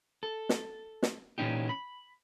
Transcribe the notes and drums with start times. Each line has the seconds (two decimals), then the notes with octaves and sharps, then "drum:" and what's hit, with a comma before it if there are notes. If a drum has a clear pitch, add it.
0.23 A4
0.49 drum: snare
1.03 drum: snare
1.38 A#2 E3 C#4 D#4 G4
1.69 B5